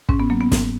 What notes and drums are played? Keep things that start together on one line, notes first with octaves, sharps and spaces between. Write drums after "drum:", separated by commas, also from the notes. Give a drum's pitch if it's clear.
G#2 C#4, drum: kick
B3
F#3 A#3
B3
G#2, drum: snare